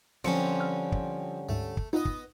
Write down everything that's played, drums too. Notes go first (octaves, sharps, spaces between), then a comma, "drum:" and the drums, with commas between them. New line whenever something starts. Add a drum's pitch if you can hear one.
D3 F3 G3 C4 C#4 C6 C#7
C#6 E6 F6
drum: kick
D2 G#2 A3
drum: kick
B3 D#4 F4 D#5
drum: kick